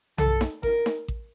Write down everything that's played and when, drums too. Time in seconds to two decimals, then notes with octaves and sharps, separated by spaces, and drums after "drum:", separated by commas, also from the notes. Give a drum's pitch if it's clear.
0.18 A4, drum: tom B1
0.41 drum: snare D#4
0.63 A#4, drum: kick A1
0.86 drum: snare D#4
1.08 drum: kick A1